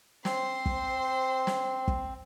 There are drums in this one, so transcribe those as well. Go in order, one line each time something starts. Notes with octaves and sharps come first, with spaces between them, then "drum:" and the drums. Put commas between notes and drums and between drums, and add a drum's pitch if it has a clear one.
C4 C5 C6, drum: snare
drum: kick
drum: snare
drum: kick